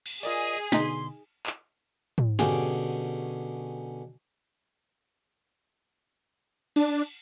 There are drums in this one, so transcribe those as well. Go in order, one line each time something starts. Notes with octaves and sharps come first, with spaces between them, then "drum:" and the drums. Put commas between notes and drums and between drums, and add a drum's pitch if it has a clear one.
drum: cymbal
F4 G#4 A#4 D5 D#5, drum: open hi-hat
B2 D3 D#4 C6 B6, drum: snare
drum: clap
drum: tom
B2 D3 C#4 G4 G#4, drum: snare
D4, drum: cymbal